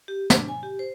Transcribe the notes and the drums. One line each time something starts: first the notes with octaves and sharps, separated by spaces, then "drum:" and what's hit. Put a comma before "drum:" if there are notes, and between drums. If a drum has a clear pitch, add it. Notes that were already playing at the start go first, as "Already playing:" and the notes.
G4
D4, drum: snare
G#5
G4
C5